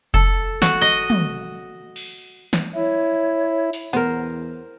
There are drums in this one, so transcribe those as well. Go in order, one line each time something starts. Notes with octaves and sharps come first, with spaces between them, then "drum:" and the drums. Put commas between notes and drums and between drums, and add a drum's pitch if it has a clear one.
A4, drum: kick F1
F#4, drum: snare
D#5
drum: tom
drum: cymbal
drum: snare
E4 C#5
drum: open hi-hat
E2 B3 A#4 C5